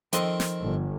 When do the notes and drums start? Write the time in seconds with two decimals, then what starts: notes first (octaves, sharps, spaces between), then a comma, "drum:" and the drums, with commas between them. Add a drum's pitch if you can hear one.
0.13 D#3 F3 C4 A4 D#5 C6, drum: hi-hat
0.40 drum: snare
0.62 G1